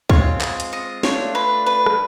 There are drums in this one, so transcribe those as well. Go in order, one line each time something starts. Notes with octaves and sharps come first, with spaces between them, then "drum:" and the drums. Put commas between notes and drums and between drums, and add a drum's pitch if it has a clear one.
G#3 C4 F4 C#5, drum: kick C#2
D#5, drum: clap
drum: hi-hat
D#5
A3 D4 F4 C#5, drum: snare
B4
B4
drum: rim click